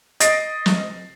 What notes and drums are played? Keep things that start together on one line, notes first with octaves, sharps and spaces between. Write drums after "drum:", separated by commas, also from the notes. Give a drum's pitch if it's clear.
D#5 A6 A#6 C7 D7, drum: hi-hat
drum: snare